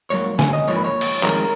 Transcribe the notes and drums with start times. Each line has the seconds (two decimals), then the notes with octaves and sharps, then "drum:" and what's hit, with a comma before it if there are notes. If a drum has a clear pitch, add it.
0.10 G#2 F#3 A#3 C#5
0.39 G#5, drum: snare
0.53 D#5
0.68 G#2 F3 A#3 C#5
0.76 B4
0.84 C#5
1.01 drum: cymbal
1.23 F2 D#3 G#3 A#4, drum: clap